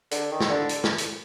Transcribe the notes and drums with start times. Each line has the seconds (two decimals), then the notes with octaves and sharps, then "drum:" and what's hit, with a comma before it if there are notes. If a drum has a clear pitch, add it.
0.11 D3, drum: hi-hat
0.31 D#3
0.40 drum: snare
0.50 D3
0.69 drum: hi-hat
0.84 drum: snare
0.98 drum: hi-hat